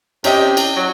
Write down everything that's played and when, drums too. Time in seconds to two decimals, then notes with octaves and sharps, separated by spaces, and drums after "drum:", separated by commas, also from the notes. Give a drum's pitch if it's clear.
0.24 C3 C#4 G4 D#5, drum: cymbal
0.57 drum: cymbal
0.76 F#3